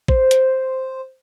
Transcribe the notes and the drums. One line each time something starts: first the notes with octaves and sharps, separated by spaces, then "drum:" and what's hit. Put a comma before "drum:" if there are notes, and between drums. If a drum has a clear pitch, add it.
C5, drum: kick
drum: hi-hat